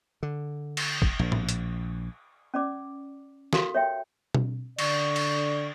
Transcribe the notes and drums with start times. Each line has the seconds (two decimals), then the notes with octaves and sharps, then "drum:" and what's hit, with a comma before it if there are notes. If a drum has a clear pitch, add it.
0.23 D3
0.77 drum: cymbal
1.02 drum: kick
1.19 A#1
1.32 drum: tom A2
1.49 drum: hi-hat
2.54 C#4 D5 D6
3.53 F#4 G4 A4 A#4 F5, drum: snare
3.75 C#5 E5 G5
4.35 drum: tom B2
4.79 D3 D5 C#6, drum: cymbal
5.16 drum: cymbal